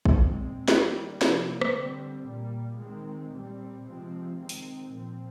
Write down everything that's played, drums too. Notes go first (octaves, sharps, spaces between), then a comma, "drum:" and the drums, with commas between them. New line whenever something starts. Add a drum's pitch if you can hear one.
drum: kick A1
A#2 G#3 C4
D#3 G3 A#3, drum: snare
C3 F3 A#3, drum: snare
drum: rim click
D3 G3 C4
A#2 G3 A#3
D#3 G#3 C4
A#2 G3 C4
C3 F3 G#3 C4
D#3 G#3 C4
drum: open hi-hat
A#2 F3 C4